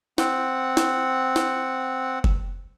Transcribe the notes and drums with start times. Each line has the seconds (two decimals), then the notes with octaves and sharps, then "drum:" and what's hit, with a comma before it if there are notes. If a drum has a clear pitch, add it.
0.18 C4 F#5, drum: snare
0.77 drum: snare
1.36 drum: snare
2.24 drum: kick F#1